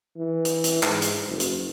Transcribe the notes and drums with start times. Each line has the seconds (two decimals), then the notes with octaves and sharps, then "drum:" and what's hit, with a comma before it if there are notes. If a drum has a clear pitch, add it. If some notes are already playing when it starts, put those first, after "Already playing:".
0.17 E3
0.45 drum: hi-hat
0.64 drum: hi-hat
0.83 G#2, drum: clap
1.02 drum: hi-hat
1.28 F#1
1.40 drum: hi-hat